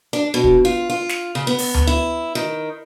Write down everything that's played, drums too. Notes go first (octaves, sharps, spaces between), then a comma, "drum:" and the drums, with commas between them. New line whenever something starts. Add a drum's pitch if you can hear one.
D4
B2
drum: kick
F4
F4
drum: snare
C#3
B3
drum: open hi-hat
drum: tom D2
E4
D#3